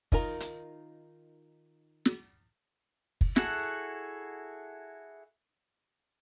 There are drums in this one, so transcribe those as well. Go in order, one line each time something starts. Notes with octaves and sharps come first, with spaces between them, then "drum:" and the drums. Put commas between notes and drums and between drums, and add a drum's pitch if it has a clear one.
D#3 D#4 F4 A#4 A#5, drum: kick
drum: hi-hat
drum: snare
drum: kick
E4 F#4 G#4 A4 F#5, drum: snare